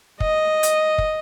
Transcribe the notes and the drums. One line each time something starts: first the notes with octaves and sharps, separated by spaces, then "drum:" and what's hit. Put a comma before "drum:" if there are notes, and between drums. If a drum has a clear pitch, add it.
D#5, drum: kick
drum: hi-hat
drum: kick